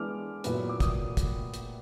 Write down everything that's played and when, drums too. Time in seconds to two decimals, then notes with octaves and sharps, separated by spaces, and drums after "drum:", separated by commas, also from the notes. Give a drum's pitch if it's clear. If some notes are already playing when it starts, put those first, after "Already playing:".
Already playing: E3 G#3 B3 D4 D6 F6
0.44 A#2 F#3 B3 E4, drum: hi-hat
0.69 D6
0.80 D#6, drum: kick, hi-hat
1.17 drum: kick, hi-hat
1.54 drum: hi-hat